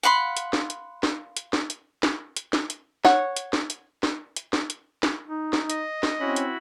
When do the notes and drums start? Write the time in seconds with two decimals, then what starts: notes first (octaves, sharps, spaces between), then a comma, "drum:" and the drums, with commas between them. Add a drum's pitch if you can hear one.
0.03 F5 F#5 B5 C6
0.37 drum: hi-hat
0.53 drum: snare
0.70 drum: hi-hat
1.03 drum: snare
1.37 drum: hi-hat
1.53 drum: snare
1.70 drum: hi-hat
2.03 drum: snare
2.37 drum: hi-hat
2.53 drum: snare
2.70 drum: hi-hat
3.05 C#5 F#5, drum: snare
3.36 drum: hi-hat
3.53 drum: snare
3.70 drum: hi-hat
4.03 drum: snare
4.36 drum: hi-hat
4.53 drum: snare
4.70 drum: hi-hat
5.03 drum: snare
5.28 D#4
5.53 drum: snare
5.70 D#5, drum: hi-hat
6.03 drum: snare
6.20 C4 C#4 E4 F#4 B5
6.36 drum: hi-hat